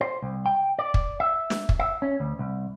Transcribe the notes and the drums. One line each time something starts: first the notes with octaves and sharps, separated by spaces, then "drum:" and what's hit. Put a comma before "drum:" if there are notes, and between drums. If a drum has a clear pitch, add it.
C5
C2
G5
D5
drum: kick
E5
drum: snare
drum: kick
E5
C#4
D2
C2